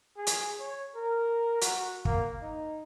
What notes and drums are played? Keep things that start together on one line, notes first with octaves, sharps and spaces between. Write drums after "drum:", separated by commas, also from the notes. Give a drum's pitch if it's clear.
G#4
drum: hi-hat
C#5
A#4
F#4, drum: hi-hat
A#3, drum: kick
D#4